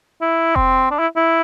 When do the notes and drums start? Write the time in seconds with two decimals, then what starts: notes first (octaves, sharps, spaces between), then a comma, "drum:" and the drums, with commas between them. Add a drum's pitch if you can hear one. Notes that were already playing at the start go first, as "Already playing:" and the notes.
0.21 E4
0.56 C4, drum: kick F1
0.91 D4
0.99 E4
1.16 E4